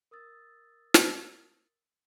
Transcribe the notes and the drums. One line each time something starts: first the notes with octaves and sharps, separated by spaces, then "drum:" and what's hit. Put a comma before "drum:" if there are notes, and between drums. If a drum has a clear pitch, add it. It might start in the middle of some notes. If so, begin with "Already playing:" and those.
A#4 D#6 E6 A6
drum: snare